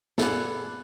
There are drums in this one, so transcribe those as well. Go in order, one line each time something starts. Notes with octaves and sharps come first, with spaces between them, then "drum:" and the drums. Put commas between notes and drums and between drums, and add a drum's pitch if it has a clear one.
G3 B3 G#4 A4, drum: snare